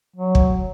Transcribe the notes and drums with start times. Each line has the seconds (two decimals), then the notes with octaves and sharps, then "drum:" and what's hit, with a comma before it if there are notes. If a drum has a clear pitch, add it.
0.16 F#3
0.35 drum: kick